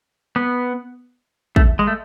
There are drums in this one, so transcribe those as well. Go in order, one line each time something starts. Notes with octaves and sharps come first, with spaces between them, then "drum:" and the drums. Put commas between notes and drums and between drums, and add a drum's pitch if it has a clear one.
B3
A3, drum: kick
G#3
A3